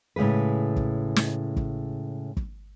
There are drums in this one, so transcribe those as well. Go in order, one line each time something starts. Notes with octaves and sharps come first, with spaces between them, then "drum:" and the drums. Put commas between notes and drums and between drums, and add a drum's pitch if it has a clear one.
A2 C#3 F3 G#3 B4
drum: kick
drum: snare
drum: kick
drum: kick